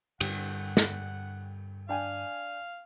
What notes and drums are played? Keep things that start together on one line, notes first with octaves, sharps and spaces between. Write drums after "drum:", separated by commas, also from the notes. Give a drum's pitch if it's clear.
G2 D3 F#5, drum: cymbal
drum: snare
D4 F5 G5 G#5